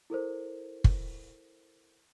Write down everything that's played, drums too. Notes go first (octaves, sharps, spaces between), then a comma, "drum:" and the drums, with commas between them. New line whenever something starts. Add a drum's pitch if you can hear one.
E4 A4 A#4 C5
drum: kick